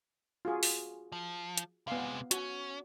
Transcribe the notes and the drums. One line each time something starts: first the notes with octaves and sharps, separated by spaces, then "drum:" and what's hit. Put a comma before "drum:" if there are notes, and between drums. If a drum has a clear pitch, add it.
F4 F#4 G#4
drum: open hi-hat
F3
drum: hi-hat
C3 G#3 B3 F5
C#4 F#4, drum: hi-hat